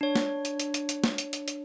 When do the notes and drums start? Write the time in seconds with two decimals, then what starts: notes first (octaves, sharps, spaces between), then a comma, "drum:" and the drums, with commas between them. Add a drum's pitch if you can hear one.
0.01 D4 C#5
0.15 drum: snare
0.45 drum: hi-hat
0.60 drum: hi-hat
0.74 drum: hi-hat
0.89 drum: hi-hat
1.04 drum: snare
1.18 drum: hi-hat
1.33 drum: hi-hat
1.48 drum: hi-hat